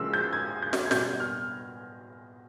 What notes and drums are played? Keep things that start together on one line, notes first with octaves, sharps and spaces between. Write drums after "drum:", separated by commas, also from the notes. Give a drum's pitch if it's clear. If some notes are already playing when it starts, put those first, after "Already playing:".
Already playing: C#3 F3 G#3 E6
G6
G#6
G6
drum: snare
G#6
B2 G3 G6, drum: snare
F6